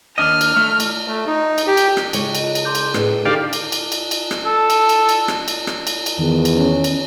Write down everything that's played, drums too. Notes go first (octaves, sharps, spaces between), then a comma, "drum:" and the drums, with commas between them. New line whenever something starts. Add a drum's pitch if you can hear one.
D#2 D4 D#5 F6
drum: cymbal
A3
drum: cymbal
A3
D#4
drum: cymbal
G4
drum: cymbal
drum: rim click
C#3 G#3 C#5 G5, drum: cymbal
F4 D#5, drum: cymbal
drum: cymbal
C6 D6 G6
drum: cymbal
A2 D4 G#4 B4, drum: rim click
D3 D#3 G4 D5 F5
drum: cymbal
drum: cymbal
drum: cymbal
drum: cymbal
drum: rim click
A4
drum: cymbal
drum: cymbal
drum: cymbal
drum: rim click
drum: cymbal
drum: rim click
drum: cymbal
drum: cymbal
E2 D#3
drum: cymbal
C#4
drum: cymbal